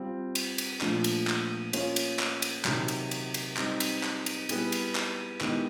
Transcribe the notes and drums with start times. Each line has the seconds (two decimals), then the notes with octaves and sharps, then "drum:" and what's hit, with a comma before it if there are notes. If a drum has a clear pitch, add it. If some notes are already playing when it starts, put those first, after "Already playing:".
Already playing: G3 C4 F4
0.35 drum: cymbal
0.58 drum: cymbal
0.81 A#2 F3 A3 D4, drum: clap
1.04 drum: cymbal
1.27 drum: clap
1.73 A#3 C#4 F4, drum: cymbal
1.96 drum: cymbal
2.19 drum: clap
2.42 drum: cymbal
2.65 C3 D#3 F#3, drum: clap
2.88 drum: cymbal
3.11 drum: cymbal
3.34 drum: cymbal
3.57 G3 C4 D#4, drum: clap
3.80 drum: cymbal
4.03 drum: clap
4.26 drum: cymbal
4.49 G3 B3 E4 G#4 B4, drum: cymbal
4.72 drum: cymbal
4.95 drum: clap
5.41 D#3 G#3 B3 E4 G4, drum: clap